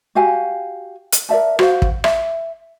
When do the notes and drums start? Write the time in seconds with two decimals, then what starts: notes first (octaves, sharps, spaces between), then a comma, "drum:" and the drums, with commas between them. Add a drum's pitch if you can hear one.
0.15 F#4 G4 F5 G#5
1.12 drum: hi-hat
1.29 A#4 D5 E5 A5
1.59 F#4 C5 F5, drum: rim click
1.82 drum: kick
2.04 E5, drum: rim click